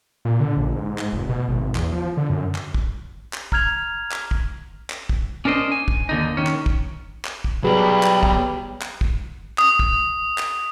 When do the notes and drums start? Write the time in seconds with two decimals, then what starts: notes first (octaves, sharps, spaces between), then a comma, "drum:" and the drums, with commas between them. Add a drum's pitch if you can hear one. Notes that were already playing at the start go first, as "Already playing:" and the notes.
0.25 A#2
0.40 D3
0.57 A#1
0.75 G#2
0.98 drum: clap
1.13 F1
1.29 B2
1.48 G#1
1.75 E2, drum: clap
1.92 F3
2.17 D3
2.30 F#2
2.55 drum: clap
2.74 drum: kick
3.33 drum: clap
3.52 A#5 F6 G#6 F7, drum: kick
4.12 drum: clap
4.31 drum: kick
4.90 drum: clap
5.09 drum: kick
5.45 C#4 D4 A#4 C5 D#5
5.72 G#5
5.88 drum: kick
6.09 D#2 D3 D#4
6.37 D#3 C#4
6.47 drum: clap
6.66 drum: kick
7.25 drum: clap
7.44 drum: kick
7.64 F#3 G3 B3 F#4 G#4 B4 B5
8.03 drum: clap
8.23 drum: kick
8.82 drum: clap
9.01 drum: kick
9.58 D#6, drum: clap
9.79 drum: kick
10.38 drum: clap